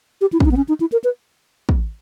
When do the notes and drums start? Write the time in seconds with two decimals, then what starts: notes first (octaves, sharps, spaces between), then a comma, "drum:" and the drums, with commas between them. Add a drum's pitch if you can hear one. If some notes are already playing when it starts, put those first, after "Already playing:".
0.21 G4
0.33 E4
0.40 C#4, drum: kick
0.45 D#4
0.51 B3
0.57 C#4
0.68 D#4
0.80 E4
0.92 A#4
1.04 B4
1.69 drum: kick